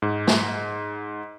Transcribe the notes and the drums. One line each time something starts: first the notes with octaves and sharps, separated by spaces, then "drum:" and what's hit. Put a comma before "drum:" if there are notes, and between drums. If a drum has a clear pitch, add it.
G#2
drum: snare